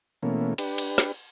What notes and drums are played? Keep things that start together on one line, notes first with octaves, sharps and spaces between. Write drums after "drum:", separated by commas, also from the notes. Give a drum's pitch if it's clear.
B2 E3 A3 A#3 C#4
D4 G4 B4, drum: cymbal
drum: cymbal
drum: snare